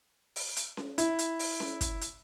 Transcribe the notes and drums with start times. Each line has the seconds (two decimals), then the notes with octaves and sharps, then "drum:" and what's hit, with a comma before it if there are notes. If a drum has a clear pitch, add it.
0.36 drum: open hi-hat
0.56 drum: hi-hat
0.77 drum: snare C#4
0.98 E4, drum: hi-hat
1.19 drum: hi-hat
1.39 drum: open hi-hat
1.60 drum: snare C#4
1.81 drum: kick, hi-hat
2.01 drum: hi-hat